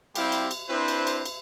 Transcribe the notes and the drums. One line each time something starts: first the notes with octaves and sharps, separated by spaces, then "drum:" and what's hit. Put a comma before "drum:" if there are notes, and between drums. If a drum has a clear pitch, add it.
G3 C4 E4 G4 F5, drum: cymbal
drum: cymbal
drum: cymbal
C4 D4 E4 B4 C5
drum: cymbal
drum: cymbal
drum: cymbal